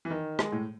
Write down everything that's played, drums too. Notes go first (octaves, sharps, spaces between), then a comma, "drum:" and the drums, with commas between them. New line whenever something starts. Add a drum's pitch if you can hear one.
E3
D#3
G#3, drum: rim click
A2